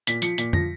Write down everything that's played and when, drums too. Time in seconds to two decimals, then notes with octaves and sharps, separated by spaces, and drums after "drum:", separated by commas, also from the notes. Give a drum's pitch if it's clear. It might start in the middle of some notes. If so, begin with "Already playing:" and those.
0.07 A#2 B6, drum: hi-hat
0.22 F3 C#7, drum: hi-hat
0.38 A#2 B6, drum: hi-hat
0.53 F3 A#6, drum: tom F2